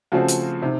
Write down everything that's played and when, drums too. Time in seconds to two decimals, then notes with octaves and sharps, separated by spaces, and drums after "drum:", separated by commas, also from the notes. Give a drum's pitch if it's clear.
0.12 C#3 F3 A3 C4 F#4
0.28 drum: hi-hat
0.62 C3 D#3